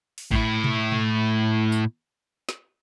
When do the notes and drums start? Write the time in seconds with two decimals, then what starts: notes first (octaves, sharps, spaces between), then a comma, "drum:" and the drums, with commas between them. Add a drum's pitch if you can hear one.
0.18 drum: open hi-hat
0.31 A2 E4, drum: kick
0.64 drum: tom B2
0.92 drum: tom B2
1.72 drum: tambourine
2.49 drum: snare